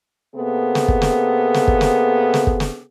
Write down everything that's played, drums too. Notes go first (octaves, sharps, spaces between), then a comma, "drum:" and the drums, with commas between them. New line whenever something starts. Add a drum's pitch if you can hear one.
C3 A#3 B3 G#4 A4
drum: snare
drum: kick
drum: snare
drum: snare
drum: kick
drum: snare
drum: snare
drum: kick
drum: snare